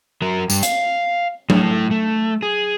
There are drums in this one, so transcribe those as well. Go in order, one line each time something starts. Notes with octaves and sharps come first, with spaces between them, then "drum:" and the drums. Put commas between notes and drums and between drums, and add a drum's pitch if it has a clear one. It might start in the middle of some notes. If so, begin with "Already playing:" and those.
F#3 A#4
G2, drum: tambourine
F5, drum: hi-hat
A2 A3, drum: tom F#3
A3
G#4